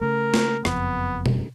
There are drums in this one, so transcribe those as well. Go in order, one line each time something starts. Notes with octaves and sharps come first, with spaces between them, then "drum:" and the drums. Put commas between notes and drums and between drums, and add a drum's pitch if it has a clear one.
C#3 A3 A#4
drum: snare A#3
F#1 F2 B3, drum: rim click
drum: tom B2